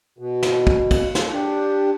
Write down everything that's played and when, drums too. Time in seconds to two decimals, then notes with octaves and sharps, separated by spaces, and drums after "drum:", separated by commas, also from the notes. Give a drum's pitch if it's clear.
0.18 B2
0.43 drum: snare
0.67 drum: kick
0.91 drum: kick, cymbal
1.15 drum: snare
1.32 D4 G4